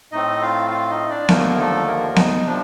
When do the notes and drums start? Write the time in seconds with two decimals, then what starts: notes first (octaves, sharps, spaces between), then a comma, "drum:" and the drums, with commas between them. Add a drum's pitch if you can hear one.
0.12 A2 A3 C4 D#4 D#5
0.41 F4 F5
0.71 F4 F5
0.90 D#4 D#5
1.09 D4 D5
1.29 D#2 D3 F3 A3 A#3 A#4, drum: snare B3
1.58 A3 A4
1.87 A#3 A#4
2.16 D#4, drum: snare B3
2.45 C3 F3 D4